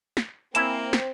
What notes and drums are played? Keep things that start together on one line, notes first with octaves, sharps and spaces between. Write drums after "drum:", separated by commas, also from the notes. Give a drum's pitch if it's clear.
drum: snare
A#3 C4 E4 G#5 E7, drum: hi-hat
drum: snare